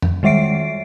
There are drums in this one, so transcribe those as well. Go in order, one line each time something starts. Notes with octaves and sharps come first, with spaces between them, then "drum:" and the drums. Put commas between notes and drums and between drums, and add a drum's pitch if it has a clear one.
drum: tom F2
D#3 G3 G#3 E5 C7 D7